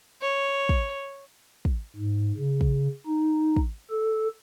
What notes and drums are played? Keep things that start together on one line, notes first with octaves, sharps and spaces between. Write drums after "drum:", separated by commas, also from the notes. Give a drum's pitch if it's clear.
C#5
drum: kick
drum: kick
G#2
C#3
drum: kick
D#4
drum: kick
A4